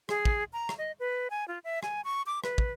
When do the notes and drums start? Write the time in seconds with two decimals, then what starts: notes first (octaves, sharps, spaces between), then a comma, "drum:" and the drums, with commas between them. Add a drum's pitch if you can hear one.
0.09 G#4, drum: rim click
0.25 drum: kick
0.53 A#5
0.69 drum: rim click
0.78 D#5
1.00 B4
1.30 G#5
1.48 F4
1.64 E5
1.83 G#5, drum: rim click
2.05 C#6
2.26 D6
2.44 B4, drum: rim click
2.58 drum: kick